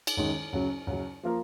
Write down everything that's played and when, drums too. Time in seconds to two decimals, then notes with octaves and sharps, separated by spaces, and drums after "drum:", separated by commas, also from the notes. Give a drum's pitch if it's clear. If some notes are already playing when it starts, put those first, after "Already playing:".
0.07 drum: cymbal
0.17 F#2 D#3 G#3 D#4
0.53 F#2 C#3 F#3
0.87 F#2 C#3 F#3
1.23 F3 A#3 F4 A#4